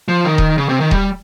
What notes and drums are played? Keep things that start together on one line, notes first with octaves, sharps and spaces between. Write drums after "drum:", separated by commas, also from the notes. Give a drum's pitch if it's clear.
F3
D#3
drum: kick D#1
C#3
C3
D#3
G3, drum: kick D#1